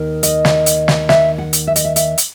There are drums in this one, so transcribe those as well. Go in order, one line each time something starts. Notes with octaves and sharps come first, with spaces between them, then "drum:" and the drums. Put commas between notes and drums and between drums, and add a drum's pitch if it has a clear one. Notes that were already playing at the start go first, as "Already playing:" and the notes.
Already playing: D#2 D#3
D#5, drum: hi-hat
drum: snare
drum: hi-hat
drum: snare
E5, drum: snare
F#5
drum: hi-hat
E5
D#5, drum: hi-hat
E5
E5, drum: hi-hat
drum: hi-hat